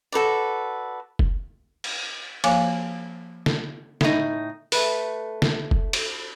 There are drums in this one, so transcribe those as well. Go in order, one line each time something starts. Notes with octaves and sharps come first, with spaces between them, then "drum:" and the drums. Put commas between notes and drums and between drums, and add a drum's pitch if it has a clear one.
F#4 A4 B4 D5
drum: kick F#1
drum: cymbal
F3 A#3 C#5 F5 G#5 D6, drum: cymbal
drum: snare
A2 D#4, drum: snare
A3 B4, drum: open hi-hat
drum: snare
drum: kick F#1
drum: cymbal